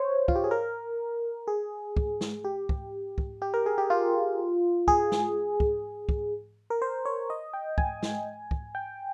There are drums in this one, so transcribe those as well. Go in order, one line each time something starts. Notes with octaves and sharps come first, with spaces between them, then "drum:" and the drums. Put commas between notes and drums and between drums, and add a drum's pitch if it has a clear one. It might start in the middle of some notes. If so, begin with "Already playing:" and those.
Already playing: C5 C#5
F4, drum: kick
G4
G#4
A#4
G#4
drum: kick
drum: snare
G4
drum: kick
drum: kick
G4
A#4
G#4
G4
F4
G#4, drum: kick
drum: snare
drum: kick
drum: kick
A#4
C5
C#5
D#5
G5
G#5, drum: kick
drum: snare
drum: kick
G5